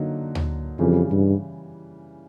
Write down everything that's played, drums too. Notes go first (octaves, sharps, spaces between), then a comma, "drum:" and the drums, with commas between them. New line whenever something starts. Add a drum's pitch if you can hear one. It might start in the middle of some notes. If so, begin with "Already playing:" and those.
Already playing: D3 F#3 A#3 D#4
drum: tom D2
F2 C#3 E3 G3
G2